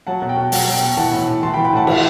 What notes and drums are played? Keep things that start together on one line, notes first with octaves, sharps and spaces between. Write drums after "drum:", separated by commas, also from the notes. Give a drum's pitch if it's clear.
F#3 F#5 A5
B2
G5
B2
F#3 F#5, drum: open hi-hat
F#3
G5
B2
E3 F#5 A5
A2
A2
E3 A5 C6
G5 B5
E3
G5 B5
A2 F#5 A5
E3, drum: cymbal